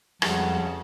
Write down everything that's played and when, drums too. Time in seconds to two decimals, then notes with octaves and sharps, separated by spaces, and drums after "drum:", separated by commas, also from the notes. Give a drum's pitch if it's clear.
0.22 A1 F2 C#3 G3 G#3 F4 F#4 A5, drum: rim click